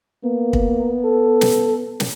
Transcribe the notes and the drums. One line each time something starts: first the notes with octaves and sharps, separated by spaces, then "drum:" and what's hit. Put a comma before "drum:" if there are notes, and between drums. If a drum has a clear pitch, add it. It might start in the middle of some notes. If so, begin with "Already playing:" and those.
A#3 B3
drum: kick
A4
drum: snare
drum: snare